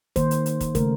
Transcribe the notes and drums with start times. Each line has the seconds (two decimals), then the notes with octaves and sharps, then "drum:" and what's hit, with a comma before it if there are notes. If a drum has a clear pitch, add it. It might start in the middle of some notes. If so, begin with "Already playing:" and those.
0.16 D#3 A#3 C5, drum: kick, hi-hat
0.31 drum: hi-hat
0.46 drum: hi-hat
0.61 drum: kick, hi-hat
0.75 C#3 A3 A#4, drum: kick, hi-hat